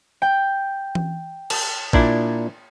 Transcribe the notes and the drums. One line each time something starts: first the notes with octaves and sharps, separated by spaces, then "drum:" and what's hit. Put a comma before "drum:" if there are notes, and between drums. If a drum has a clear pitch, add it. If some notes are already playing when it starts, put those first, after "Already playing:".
G5
drum: tom E3
A5, drum: cymbal
A#2 D4 E4, drum: kick A#1